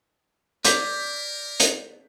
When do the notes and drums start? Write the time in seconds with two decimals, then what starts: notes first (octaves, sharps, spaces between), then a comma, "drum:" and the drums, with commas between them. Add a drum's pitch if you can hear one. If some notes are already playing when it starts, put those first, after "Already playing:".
0.65 A#4 D5 D6 G6 B6, drum: hi-hat
1.60 drum: hi-hat